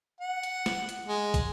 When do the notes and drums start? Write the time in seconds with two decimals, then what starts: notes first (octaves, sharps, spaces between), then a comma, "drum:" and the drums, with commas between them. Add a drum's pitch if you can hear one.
0.21 F#5
0.43 drum: hi-hat
0.66 drum: snare
0.89 drum: hi-hat
1.08 G#3
1.34 drum: kick, hi-hat